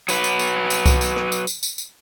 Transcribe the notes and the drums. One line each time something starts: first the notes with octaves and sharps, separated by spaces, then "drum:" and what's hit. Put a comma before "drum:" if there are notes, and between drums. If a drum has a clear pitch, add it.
F#3 B4, drum: tambourine
drum: tambourine
drum: tambourine
drum: tambourine
drum: kick C2, tambourine
drum: tambourine
drum: rim click
drum: tambourine
drum: tambourine
drum: tambourine
drum: tambourine